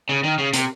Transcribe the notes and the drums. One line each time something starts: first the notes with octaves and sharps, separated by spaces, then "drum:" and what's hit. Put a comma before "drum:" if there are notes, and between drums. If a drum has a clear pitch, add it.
C#3
D#3
C#3
C3, drum: hi-hat